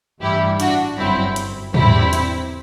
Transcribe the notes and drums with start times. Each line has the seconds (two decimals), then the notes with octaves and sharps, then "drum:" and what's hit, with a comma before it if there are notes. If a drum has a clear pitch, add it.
0.21 A1 G2 E3 G3 E4 G4
0.60 D4 F#4, drum: hi-hat
0.97 G1 F#2 F#3 C4 E4
1.36 drum: hi-hat
1.74 E2 D3 G3 C4 E4, drum: tom G#2
2.13 drum: hi-hat